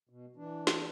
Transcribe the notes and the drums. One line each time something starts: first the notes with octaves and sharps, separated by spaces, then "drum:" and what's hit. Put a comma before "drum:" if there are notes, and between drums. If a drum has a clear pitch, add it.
B2
E3 D4
drum: snare